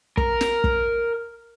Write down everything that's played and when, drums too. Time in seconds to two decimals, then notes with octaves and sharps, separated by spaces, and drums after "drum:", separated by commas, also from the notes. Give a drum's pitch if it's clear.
0.17 A#4, drum: kick
0.41 drum: snare
0.64 drum: kick